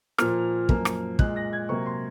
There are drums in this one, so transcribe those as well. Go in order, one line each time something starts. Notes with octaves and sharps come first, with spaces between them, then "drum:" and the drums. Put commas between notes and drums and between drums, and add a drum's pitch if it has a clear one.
A#2 F3 A#3 F6, drum: rim click
F#2 F3 A#3, drum: kick
drum: rim click
A#2 G#3 F#6, drum: kick
A#6
G#6
C3 F#3 A#3 C#6
C6